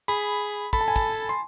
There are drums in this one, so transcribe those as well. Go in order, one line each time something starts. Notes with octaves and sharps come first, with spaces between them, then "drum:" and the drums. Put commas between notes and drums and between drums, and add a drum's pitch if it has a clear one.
G#4 B5
A4 B5, drum: kick
A5
G#5
A5, drum: kick
C6